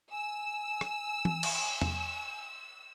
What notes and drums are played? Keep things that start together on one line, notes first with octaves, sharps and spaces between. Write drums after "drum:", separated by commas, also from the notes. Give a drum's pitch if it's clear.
G#5 E6
drum: rim click
drum: tom
drum: cymbal
drum: tom E2